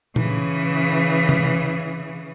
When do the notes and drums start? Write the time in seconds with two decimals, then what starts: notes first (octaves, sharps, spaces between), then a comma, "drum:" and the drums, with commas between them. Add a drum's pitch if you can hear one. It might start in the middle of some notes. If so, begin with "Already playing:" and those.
0.16 C#3 E3, drum: tom A#2
1.29 drum: tom C3